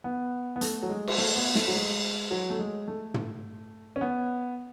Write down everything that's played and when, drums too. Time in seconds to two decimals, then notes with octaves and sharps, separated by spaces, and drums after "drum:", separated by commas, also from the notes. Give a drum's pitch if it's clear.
0.04 B3
0.56 B3
0.61 A3, drum: hi-hat
0.82 F#3
0.89 G#3
1.08 drum: cymbal
1.18 A3
1.36 B3
1.55 A3, drum: snare
1.68 F#3
1.74 G#3
2.31 F#3
2.50 A3
2.59 G#3
2.88 A3
3.14 drum: tom
3.96 C#4
4.01 B3